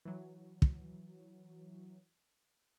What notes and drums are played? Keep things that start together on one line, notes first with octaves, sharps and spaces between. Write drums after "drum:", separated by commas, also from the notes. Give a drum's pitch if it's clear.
E3 F#3
drum: kick